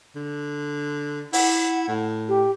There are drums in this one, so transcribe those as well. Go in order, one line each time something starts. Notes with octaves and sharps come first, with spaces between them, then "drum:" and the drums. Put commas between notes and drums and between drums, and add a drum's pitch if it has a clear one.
D3
E4 F#5, drum: open hi-hat
A2
G4